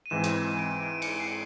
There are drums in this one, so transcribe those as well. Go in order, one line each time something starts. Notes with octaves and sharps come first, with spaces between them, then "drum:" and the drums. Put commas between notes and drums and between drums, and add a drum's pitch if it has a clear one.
D#7
G#2 E3 G#3 C4 E7
drum: hi-hat
D#7
D7
D#7
D7
C#7, drum: cymbal
C7